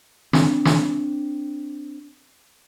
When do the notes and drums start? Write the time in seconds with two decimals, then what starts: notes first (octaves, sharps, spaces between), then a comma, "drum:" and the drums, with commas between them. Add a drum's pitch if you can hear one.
0.33 C4 D4, drum: snare
0.65 drum: snare